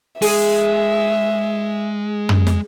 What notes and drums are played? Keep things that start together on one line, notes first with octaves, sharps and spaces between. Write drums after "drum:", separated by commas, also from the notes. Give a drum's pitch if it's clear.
G#3 G#4 E5, drum: open hi-hat
drum: tom
drum: snare